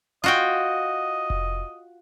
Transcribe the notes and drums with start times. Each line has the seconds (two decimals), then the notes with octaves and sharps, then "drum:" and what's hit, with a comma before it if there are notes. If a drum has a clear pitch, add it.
0.24 F4 F#4 D#5 G5
1.30 drum: kick F1